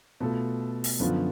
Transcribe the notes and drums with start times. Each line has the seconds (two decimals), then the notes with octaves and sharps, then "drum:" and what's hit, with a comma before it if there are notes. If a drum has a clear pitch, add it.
0.20 B2 A3 F4 A4
0.84 drum: open hi-hat
1.00 F#2 D3 F3 B3 F4